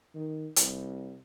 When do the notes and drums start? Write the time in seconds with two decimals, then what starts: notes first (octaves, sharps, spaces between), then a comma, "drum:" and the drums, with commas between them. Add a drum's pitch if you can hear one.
0.14 D#3
0.56 C2, drum: hi-hat